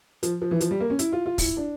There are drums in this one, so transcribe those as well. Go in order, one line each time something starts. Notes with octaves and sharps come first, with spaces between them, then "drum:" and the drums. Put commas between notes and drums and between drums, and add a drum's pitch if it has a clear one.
F3, drum: hi-hat
F3
E3
F3, drum: hi-hat
G3
A#3
C#4
E4, drum: hi-hat
F4
F4
E4, drum: kick, open hi-hat
D4